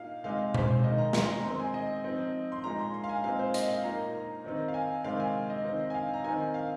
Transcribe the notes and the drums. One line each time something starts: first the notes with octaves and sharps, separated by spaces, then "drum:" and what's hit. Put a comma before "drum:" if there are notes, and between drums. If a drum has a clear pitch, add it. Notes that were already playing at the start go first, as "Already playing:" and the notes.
Already playing: A#2 D#4 F5
C3 G#3 D#4 F5
C5, drum: tom B2
D#3 G#3 D#4 D#5
A#5
C6, drum: snare
A#5
D#3 G#3 C4 D#4 C6
G#5
D#5
F3 C4 D#4
C6
A#2 G#3 D#4 A#5
C6
C6
F5
G#5
A#2 G#3 C4 D#4 F5
C5
D#5, drum: hi-hat
F5
A#2 A#3 D#4 A#5
A#5
D#3 C4 D#4
F5
G#5
C3 D#3 G#3 C4 F5
G#5
D#5
D#3 C4 D#4
G#5
F5
A#5
D#3 C4 D#4 G#5
F5